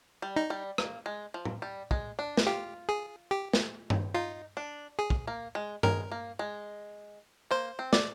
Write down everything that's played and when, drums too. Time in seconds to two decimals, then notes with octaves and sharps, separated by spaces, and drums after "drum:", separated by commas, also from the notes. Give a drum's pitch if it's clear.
0.22 G3
0.36 D#4
0.50 G3
0.78 A#3, drum: rim click
1.06 G#3
1.34 F3
1.45 drum: tom A2
1.62 G3
1.91 G#3, drum: kick
2.19 D4
2.37 drum: snare
2.47 F4 G4
2.89 G#4
3.31 G4
3.53 drum: snare
3.90 drum: tom G2
4.14 D#4 F4
4.57 D4
4.99 G#4
5.10 drum: kick
5.27 A#3
5.55 G#3
5.83 G#3 A#4, drum: tom G2
6.12 A#3
6.39 G#3
7.51 A#3 C5
7.79 C4
7.93 D5, drum: snare